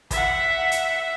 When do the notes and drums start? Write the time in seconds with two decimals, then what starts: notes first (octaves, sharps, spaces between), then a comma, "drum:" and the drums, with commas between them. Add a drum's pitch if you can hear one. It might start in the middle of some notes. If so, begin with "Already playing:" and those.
0.11 E5 F#5, drum: kick, hi-hat
0.71 drum: hi-hat